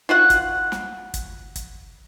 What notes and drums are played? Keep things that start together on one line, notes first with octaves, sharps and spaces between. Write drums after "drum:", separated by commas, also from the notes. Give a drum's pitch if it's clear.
F4 F#4 F#5
drum: kick, hi-hat
drum: snare
drum: kick, hi-hat
drum: kick, hi-hat